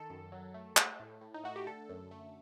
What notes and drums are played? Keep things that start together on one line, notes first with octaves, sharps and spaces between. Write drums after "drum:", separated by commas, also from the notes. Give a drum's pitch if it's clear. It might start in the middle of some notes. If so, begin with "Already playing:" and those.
Already playing: D#3 A4
F#2
F#3
A3
A3, drum: clap
A2
A2
D#4
A3 F#4
G4
D3 A4
F#2
A3